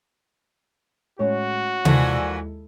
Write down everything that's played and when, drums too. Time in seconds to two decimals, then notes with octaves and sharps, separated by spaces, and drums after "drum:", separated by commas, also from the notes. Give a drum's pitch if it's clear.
1.19 A2 G#3 A3 C#4 E4 F#4 C#5
1.85 D#2 A#2 E3 F3 G#3 E4 A4, drum: tom C3